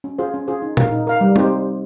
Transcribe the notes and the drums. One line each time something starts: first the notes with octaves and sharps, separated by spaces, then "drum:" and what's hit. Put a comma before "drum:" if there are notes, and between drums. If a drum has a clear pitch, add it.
C#4
F4 G#4 C5
C#4
F4 G#4 C5
D#4
A#4 F5, drum: tom A#2
D#4
A#4 F5
G3
C4 D#4 G4 C5, drum: tom G3